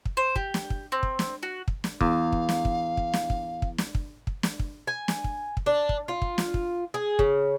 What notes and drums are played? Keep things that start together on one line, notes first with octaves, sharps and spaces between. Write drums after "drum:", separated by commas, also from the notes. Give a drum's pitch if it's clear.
drum: kick
C5
G4, drum: kick
drum: snare
drum: kick
C4
drum: kick
drum: snare
F#4
drum: kick
drum: snare
E2 F5, drum: kick
drum: kick
drum: snare
drum: kick
drum: kick
drum: snare
drum: kick
drum: kick
drum: snare
drum: kick
drum: kick
drum: snare
drum: kick
G#5
drum: snare
drum: kick
drum: kick
D4
drum: kick
F4
drum: kick
drum: snare
drum: kick
G#4
C#3, drum: kick